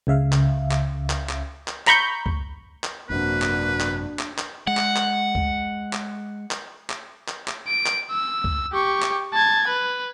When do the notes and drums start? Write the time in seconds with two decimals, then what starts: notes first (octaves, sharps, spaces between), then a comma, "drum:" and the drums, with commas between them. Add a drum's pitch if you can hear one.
0.07 C#2 C#3 E5 F5
0.33 drum: clap
0.71 drum: clap
1.10 drum: clap
1.29 drum: clap
1.68 drum: clap
1.87 A#5 B5 C#6 G6, drum: clap
2.26 drum: kick
2.84 drum: clap
3.10 G#1 F#2 C3 A#3 D4 F#4 B4
3.42 drum: clap
3.80 drum: clap
4.19 drum: clap
4.38 drum: clap
4.67 G#3 F#5
4.77 drum: clap
4.96 drum: clap
5.35 drum: kick
5.93 drum: clap
6.51 drum: clap
6.90 drum: clap
7.28 drum: clap
7.48 drum: clap
7.67 D7
7.86 drum: clap
8.11 E6
8.44 drum: kick
8.73 G4 C#6
9.02 drum: clap
9.34 A5 G#6
9.68 B4